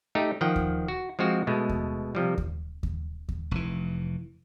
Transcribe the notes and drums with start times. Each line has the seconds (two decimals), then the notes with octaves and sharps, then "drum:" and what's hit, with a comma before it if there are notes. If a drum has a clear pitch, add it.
0.15 A3 D#4 G4
0.41 D#3 F3 F#5 G5
0.56 drum: kick D#2
0.88 F#4
1.19 F3 G#3 C4 F#4
1.47 B2 G#3 A3
1.69 drum: kick D#2
2.15 C3 F3 G3
2.38 drum: kick D#2
2.83 drum: kick D#2
3.29 drum: kick D#2
3.51 F1 E3